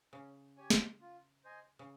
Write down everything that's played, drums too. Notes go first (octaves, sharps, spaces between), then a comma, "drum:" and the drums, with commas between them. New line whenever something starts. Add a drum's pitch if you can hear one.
C#3 C#4
G4 C#5 G#5
drum: snare
F4
C5 D#5 G#5
C#3